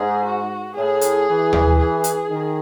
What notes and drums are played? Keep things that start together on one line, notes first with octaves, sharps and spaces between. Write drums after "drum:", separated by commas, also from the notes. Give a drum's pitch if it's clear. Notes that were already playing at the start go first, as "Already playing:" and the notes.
Already playing: G#2 G#4
F#4
A2 G#4
drum: hi-hat
E3
drum: tom D#2
G#4
drum: hi-hat
D#3